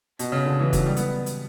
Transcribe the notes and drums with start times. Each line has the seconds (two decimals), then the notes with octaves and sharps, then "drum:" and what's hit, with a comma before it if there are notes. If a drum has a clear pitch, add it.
0.19 B2, drum: hi-hat
0.32 C#3
0.45 D3
0.60 E3
0.73 F#3, drum: kick, hi-hat
0.86 G3
0.96 B3, drum: hi-hat
1.26 drum: hi-hat